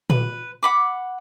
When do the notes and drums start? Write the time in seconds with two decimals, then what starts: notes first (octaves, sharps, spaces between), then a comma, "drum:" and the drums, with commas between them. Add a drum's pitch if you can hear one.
0.10 B4, drum: tom A#2
0.63 F#5 B5 D6